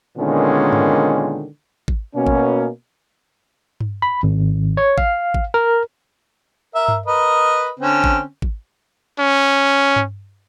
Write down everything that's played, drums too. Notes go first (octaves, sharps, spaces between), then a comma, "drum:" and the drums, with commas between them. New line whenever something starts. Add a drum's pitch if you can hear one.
A#2 D3 D#3 G#3 B3 C#4
drum: tom G2
drum: kick G#1
B2 A#3 C#4
drum: kick G#1
drum: tom G2
B5
G#1
C#5
F5, drum: kick G#1
drum: kick G#1
A#4
A#4 E5
drum: tom G2
A#4 B4 D#5
D3 C4 C#4
drum: kick G#1
drum: kick G#1
C#4
drum: tom G2